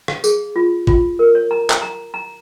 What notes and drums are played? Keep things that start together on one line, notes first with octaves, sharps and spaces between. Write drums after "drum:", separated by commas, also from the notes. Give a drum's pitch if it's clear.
F5, drum: rim click
G#4, drum: tambourine
F4
F4, drum: kick
A#4
C#5
A#5
drum: clap
A#5
A#5